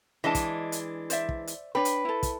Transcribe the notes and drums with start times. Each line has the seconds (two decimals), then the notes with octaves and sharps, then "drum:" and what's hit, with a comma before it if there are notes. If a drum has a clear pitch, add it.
0.24 E3 G#3 D4 D#5 A5
0.35 drum: kick, hi-hat
0.72 drum: hi-hat
1.10 C5 D5 E5, drum: hi-hat
1.29 drum: kick
1.47 drum: hi-hat
1.75 D4 B4 C#5 G5
1.85 drum: hi-hat
2.05 E4 A4
2.23 drum: kick, hi-hat